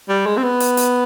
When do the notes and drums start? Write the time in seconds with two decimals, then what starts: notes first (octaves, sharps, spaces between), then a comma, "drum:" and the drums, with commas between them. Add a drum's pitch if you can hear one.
0.09 G3
0.26 G#3
0.37 C4
0.43 B3
0.60 drum: hi-hat
0.77 drum: hi-hat